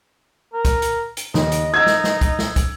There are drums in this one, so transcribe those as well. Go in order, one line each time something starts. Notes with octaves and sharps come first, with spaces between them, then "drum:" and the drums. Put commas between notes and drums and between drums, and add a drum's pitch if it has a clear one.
A#4
drum: kick, hi-hat
drum: hi-hat
drum: hi-hat
D#2 D#5, drum: snare
drum: hi-hat
D#4 D#5 E6 G#6
drum: snare
drum: snare
drum: kick, hi-hat
drum: snare
drum: kick, hi-hat